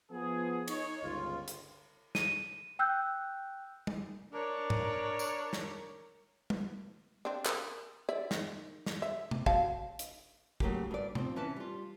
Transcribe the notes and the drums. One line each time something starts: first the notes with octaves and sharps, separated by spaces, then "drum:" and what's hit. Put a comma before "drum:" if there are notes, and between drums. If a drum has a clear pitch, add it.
F3 B3 G#4
D#4 C#5, drum: cymbal
G1 C#2 F4
drum: hi-hat
D#7, drum: snare
G5 E6 F#6 G6
drum: tom
D4 A#4 C#5
drum: tom G#2
drum: tambourine
drum: snare
drum: tom
C4 D4
A#4, drum: clap
D5 E5
D#3, drum: snare
drum: snare
E5
drum: tom
F#3 F5 A5, drum: kick
drum: hi-hat
C#3 F#3 A3 A#3 G4, drum: kick
G2 D5
F3 C4, drum: tom
E3 C#4 B4 A5
G3 F4